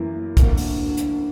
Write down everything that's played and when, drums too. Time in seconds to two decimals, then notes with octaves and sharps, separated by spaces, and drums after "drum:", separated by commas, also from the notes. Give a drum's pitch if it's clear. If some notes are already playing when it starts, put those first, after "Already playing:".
Already playing: F#2 E3 A#3 E4
0.37 D2 D3 A#3, drum: kick, hi-hat
0.57 drum: open hi-hat
0.97 drum: hi-hat